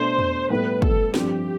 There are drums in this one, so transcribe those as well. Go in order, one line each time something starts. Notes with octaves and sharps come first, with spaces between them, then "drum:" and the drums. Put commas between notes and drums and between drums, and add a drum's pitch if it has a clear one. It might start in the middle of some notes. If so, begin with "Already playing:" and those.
Already playing: B2 A3 D4 C5
drum: tom E2
A2 G3 B3 B4
A4, drum: kick
G2 F3 C4 G4, drum: snare